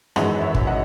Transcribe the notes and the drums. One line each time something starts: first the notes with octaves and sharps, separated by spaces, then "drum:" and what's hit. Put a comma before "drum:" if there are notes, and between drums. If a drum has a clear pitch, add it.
G#1 F#2 E3 G#3 C#4 D#5 F#5, drum: rim click
C#5 E5
drum: kick
D#5 F#5